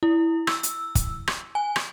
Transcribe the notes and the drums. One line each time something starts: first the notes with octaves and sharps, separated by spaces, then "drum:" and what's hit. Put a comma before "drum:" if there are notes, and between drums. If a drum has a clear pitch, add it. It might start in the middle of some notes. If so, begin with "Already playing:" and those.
E4
E6, drum: rim click
drum: hi-hat
drum: kick, hi-hat
drum: rim click
G#5
drum: rim click